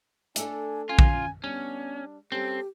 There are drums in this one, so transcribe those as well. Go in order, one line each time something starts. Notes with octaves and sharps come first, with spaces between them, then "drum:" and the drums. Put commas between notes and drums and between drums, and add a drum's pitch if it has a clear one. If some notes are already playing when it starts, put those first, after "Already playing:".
A3 D4 A4 G#5, drum: hi-hat
C#4 F4 G#5
drum: kick A#1
G3 B3 C#4 D4
G3 C4 C#4 G4 A4